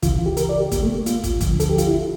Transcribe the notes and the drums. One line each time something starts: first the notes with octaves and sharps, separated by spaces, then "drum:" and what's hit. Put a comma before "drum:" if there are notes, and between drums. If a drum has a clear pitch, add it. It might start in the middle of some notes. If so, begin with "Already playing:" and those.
C#2 C#3 E3 F4, drum: kick, hi-hat
F4
G4
A#4, drum: hi-hat
D5
G4
A#3, drum: kick, hi-hat
A3
A#3
F4, drum: hi-hat
drum: kick, hi-hat
D2 D3 F3, drum: kick, hi-hat
A4, drum: hi-hat
G4
F4, drum: hi-hat
E4
F4